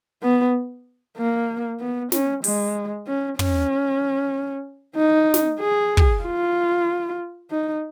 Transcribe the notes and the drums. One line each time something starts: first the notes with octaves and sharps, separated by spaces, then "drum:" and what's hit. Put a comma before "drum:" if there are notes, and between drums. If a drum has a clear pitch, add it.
B3
A#3
B3
C#4, drum: snare
G#3, drum: open hi-hat
C#4
C#4, drum: tom
D#4
drum: snare
G#4
drum: kick
F4
D#4